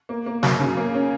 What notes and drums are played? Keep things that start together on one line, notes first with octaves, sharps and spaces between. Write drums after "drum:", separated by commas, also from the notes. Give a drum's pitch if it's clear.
A#3
A#3
F#2, drum: snare
C#3
A#3
C#4